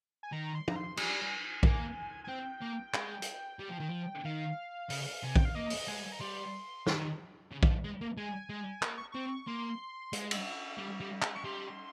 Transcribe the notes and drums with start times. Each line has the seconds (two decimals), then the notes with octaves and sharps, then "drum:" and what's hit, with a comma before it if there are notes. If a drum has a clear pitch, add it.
0.23 G#5
0.32 D#3 A#5
0.55 C6
0.68 A#5, drum: tom
0.76 C6
0.97 G3 G#5, drum: cymbal
1.63 A#3, drum: kick A#1
2.24 G#5
2.29 C4 G5
2.62 A#3
2.94 G#3, drum: clap
3.22 drum: hi-hat
3.59 G3
3.70 F3
3.80 D#3
3.90 F3
4.25 D#3 F5
4.90 C#3, drum: open hi-hat
5.23 C3 G#5
5.36 G5, drum: kick A#1
5.45 F5
5.55 A#3 D#5
5.70 drum: open hi-hat
5.88 G#3 G#5
6.12 A#5
6.20 G3 C6
6.87 D#3, drum: snare
7.52 C#3
7.63 G3, drum: kick A#1
7.68 F3
7.84 G#3
8.01 A#3
8.17 G#3 G#5
8.50 G#3
8.82 A#3 C#6, drum: clap
8.98 C#6
9.12 C4 C#6
9.47 A#3 C6
10.13 G#3, drum: hi-hat
10.31 drum: cymbal
10.78 G3
11.00 G3
11.22 G#3, drum: clap
11.35 C#6
11.44 G3 C6